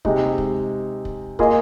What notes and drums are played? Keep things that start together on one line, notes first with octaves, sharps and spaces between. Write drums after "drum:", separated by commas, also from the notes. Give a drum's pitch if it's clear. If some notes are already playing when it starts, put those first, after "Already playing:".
C3 G#3 D#4, drum: kick
drum: kick
drum: kick
A#3 F4 G#4 D#5, drum: kick